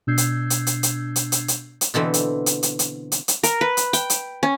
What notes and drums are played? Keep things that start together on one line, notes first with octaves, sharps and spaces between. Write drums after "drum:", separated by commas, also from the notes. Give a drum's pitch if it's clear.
B2 D4 E6 G6 G#6 C7
drum: hi-hat
drum: hi-hat
drum: hi-hat
drum: hi-hat
drum: hi-hat
drum: hi-hat
drum: hi-hat
drum: hi-hat
B2 D3 E3 C4
drum: hi-hat
drum: hi-hat
drum: hi-hat
drum: hi-hat
drum: hi-hat
drum: hi-hat
A#4, drum: hi-hat
B4
drum: hi-hat
G5, drum: hi-hat
drum: hi-hat
C#4